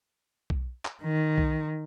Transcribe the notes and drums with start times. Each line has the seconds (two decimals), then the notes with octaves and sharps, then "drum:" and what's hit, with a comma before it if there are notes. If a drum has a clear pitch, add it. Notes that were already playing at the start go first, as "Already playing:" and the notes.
0.50 drum: kick B1
0.85 drum: clap
1.03 D#3
1.38 drum: kick B1